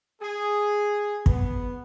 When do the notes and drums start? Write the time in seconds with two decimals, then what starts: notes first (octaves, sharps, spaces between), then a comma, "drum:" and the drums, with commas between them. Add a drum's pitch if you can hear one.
0.22 G#4
1.26 B3, drum: kick